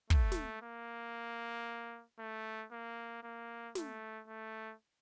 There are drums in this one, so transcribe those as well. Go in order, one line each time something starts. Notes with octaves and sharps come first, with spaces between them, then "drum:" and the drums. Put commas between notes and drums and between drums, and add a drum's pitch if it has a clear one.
A3, drum: kick
drum: snare
A#3
A3
A#3
A#3
A3, drum: snare
A3